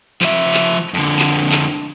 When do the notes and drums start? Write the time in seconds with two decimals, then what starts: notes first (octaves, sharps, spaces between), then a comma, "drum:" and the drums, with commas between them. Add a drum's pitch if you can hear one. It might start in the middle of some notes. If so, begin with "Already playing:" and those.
0.22 F3 E5, drum: clap
0.54 drum: clap
0.94 F2 D3
1.19 drum: clap
1.52 drum: clap